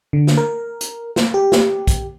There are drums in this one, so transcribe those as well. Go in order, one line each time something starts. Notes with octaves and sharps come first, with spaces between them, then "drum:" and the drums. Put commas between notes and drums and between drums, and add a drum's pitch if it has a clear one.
D3
drum: snare
A#4
drum: hi-hat
drum: snare
G4
drum: snare
drum: kick, hi-hat